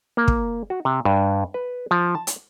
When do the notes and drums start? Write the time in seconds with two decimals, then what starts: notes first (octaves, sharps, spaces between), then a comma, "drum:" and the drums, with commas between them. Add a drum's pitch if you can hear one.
0.17 A#3
0.28 drum: kick
0.70 F#4
0.85 C3
1.05 G2
1.54 B4
1.91 F3
2.15 A5
2.27 drum: hi-hat